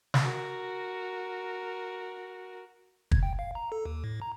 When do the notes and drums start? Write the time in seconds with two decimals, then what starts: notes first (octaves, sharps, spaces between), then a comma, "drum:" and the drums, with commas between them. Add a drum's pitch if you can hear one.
0.14 drum: snare
0.24 F#4 A#4
3.11 G#6, drum: kick
3.23 G5
3.39 F5
3.55 A#5
3.72 A4
3.86 D#2
4.04 A2
4.22 A#5